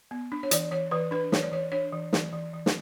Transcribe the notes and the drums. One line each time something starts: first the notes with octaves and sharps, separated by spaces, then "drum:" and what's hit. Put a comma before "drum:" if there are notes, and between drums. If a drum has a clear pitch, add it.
B3
D4
C#5
E3 D5, drum: hi-hat
E3 C#5
E3 B4
D4 B4
E3 C#5, drum: snare
D5
E3 C#5
D4 C#5
E3
E3, drum: snare
E3
E3
drum: snare